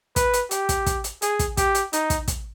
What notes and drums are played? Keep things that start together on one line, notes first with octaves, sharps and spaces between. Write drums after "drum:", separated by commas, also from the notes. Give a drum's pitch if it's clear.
B4, drum: kick, hi-hat
drum: hi-hat
G4, drum: hi-hat
drum: kick, hi-hat
drum: kick, hi-hat
drum: hi-hat
G#4, drum: hi-hat
drum: kick, hi-hat
G4, drum: kick, hi-hat
drum: hi-hat
D#4, drum: hi-hat
drum: kick, hi-hat
drum: kick, hi-hat